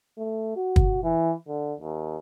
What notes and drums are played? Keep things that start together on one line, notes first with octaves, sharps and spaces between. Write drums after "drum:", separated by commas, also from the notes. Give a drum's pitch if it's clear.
A3
F#4
drum: kick
E3
D3
D#2